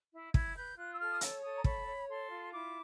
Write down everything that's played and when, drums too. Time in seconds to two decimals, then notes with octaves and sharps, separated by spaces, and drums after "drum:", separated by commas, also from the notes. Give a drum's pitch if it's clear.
0.13 E4
0.34 E4 G#6, drum: kick
0.56 B4 G6
0.77 F4 F#6
0.93 E6
0.99 A4 F6
1.11 D#6
1.21 C#5 E6, drum: hi-hat
1.43 A4 D#6
1.56 A#5
1.64 C#5 B5, drum: kick
1.87 C#5
2.08 A4 C6
2.30 F4
2.52 E4 D6